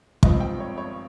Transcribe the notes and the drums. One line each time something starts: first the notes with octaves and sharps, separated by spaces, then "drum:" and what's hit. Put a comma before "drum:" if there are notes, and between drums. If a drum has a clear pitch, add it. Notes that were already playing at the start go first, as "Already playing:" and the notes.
G#1 G2 F3 C4 D#5, drum: kick
G5
C#5
C#5